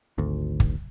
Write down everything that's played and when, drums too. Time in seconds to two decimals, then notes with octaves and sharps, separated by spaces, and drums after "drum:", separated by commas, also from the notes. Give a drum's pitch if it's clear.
0.18 G#1 D2
0.60 drum: kick